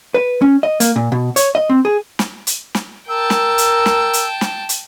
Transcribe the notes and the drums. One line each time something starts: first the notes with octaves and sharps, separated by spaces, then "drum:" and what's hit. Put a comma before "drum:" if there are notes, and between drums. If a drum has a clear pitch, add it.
B4
C#4
D#5
A#3, drum: hi-hat
A#2
B2
C#5, drum: hi-hat
D#5
C4
G#4
drum: snare
drum: hi-hat
drum: snare
A#4 G5 A5 E6
drum: snare
drum: hi-hat
drum: snare
drum: hi-hat
drum: snare
drum: hi-hat